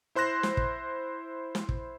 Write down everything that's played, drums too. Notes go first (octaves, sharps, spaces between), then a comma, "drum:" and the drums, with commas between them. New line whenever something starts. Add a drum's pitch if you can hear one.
E4 C5 C6 F#6 A#6 E7
drum: snare
drum: kick
drum: snare
drum: kick